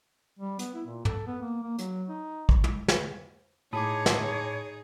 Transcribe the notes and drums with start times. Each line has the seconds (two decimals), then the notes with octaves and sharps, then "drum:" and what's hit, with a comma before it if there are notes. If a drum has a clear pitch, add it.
0.39 G3
0.59 B3, drum: hi-hat
0.74 E4
0.87 A#2
1.05 A4, drum: tom
1.27 B3
1.42 A#3
1.63 A#3
1.78 F#3, drum: hi-hat
2.09 D#4
2.49 drum: kick
2.64 drum: tom
2.88 drum: snare
3.73 A2 D#4 G#4 C#5 A5 B5 D6 D#6
4.06 drum: snare